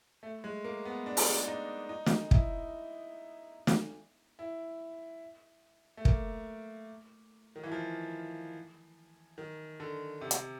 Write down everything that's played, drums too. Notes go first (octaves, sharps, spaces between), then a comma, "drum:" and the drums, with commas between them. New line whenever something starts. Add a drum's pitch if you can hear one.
A3
G#3
A#3
B3
D4
D#4, drum: open hi-hat
D4
D#4
D#4
drum: snare
E4, drum: kick
drum: snare
E4
A3
A#3, drum: kick
D#3
E3
F3
D#3
D3
C3
drum: hi-hat